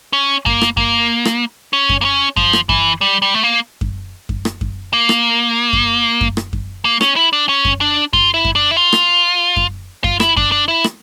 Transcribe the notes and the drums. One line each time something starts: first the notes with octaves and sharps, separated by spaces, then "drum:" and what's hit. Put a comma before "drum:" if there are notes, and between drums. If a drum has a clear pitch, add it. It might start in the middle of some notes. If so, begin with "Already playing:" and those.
C#4
A#3, drum: kick F#2
drum: rim click
A#3, drum: kick F#2
drum: rim click
C#4
drum: kick F#2
A#3
C#4
F3, drum: kick F#2
drum: rim click
E3, drum: kick F#2
G3
G3
A3
A#3
drum: kick F#2
drum: kick F#2
drum: rim click
drum: kick F#2
A#3
drum: rim click
drum: kick F#2
drum: kick F#2
drum: rim click
drum: kick F#2
A#3
C#4, drum: rim click
E4
D4
C#4
drum: kick F#2
D4
F4, drum: kick F#2
E4
drum: kick F#2
D4
E4
F4
drum: rim click
drum: kick F#2
F4, drum: kick F#2
E4, drum: rim click
D4, drum: kick F#2
D4
E4
drum: rim click